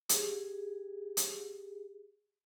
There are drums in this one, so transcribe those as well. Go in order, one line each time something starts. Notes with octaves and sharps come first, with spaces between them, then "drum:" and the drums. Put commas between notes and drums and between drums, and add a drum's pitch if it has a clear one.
G4 G#4, drum: hi-hat
drum: hi-hat